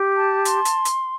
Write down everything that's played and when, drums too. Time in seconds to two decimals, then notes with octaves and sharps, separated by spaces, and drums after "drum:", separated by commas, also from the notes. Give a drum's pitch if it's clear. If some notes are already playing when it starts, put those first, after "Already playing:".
Already playing: G4
0.15 A5
0.45 C6, drum: hi-hat
0.65 drum: hi-hat
0.85 drum: hi-hat